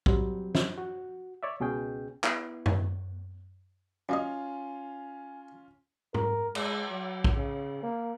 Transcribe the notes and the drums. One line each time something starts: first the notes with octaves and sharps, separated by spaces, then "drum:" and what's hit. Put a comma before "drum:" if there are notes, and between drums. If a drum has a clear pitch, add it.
F#3 G3 C4, drum: kick A#1
drum: snare
F#4
C#5 D5 E5
C#2 B2 C#4 G#4 G5
B3 E4, drum: clap
drum: tom F#2
F#2 A#3 C#4 F4 D#5 G#5
A#4, drum: tom G#2
G#3, drum: cymbal
F#3
drum: kick A#1
C#3
A#3